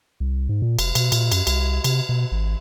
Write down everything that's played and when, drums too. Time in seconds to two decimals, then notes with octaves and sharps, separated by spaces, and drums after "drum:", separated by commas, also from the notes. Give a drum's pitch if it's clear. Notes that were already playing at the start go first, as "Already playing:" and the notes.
0.20 C2
0.49 G#2
0.62 A#2
0.79 F1, drum: cymbal
0.95 B2, drum: cymbal
1.12 A#2, drum: cymbal
1.32 F#2, drum: cymbal
1.47 C2, drum: cymbal
1.84 C3, drum: cymbal
2.09 B2
2.32 G#1